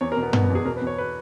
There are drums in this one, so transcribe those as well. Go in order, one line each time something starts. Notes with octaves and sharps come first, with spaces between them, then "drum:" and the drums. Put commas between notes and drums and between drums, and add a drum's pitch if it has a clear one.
E2 C#5
A#4
B2
B3
B2 B3, drum: tom
B3
E2
G#4
B2 A#4
B4
E2
C#5
B4